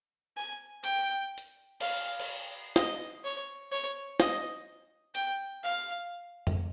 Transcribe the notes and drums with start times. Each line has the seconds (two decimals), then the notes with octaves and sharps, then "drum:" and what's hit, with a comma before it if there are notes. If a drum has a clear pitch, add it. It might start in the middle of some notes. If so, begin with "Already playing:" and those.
0.37 G#5
0.84 G5, drum: hi-hat
1.38 drum: hi-hat
1.80 F5, drum: cymbal
2.19 drum: cymbal
2.76 D#5, drum: snare
3.24 C#5
3.72 C#5
4.20 D#5, drum: snare
5.15 G5, drum: hi-hat
5.64 F5
6.47 drum: tom F2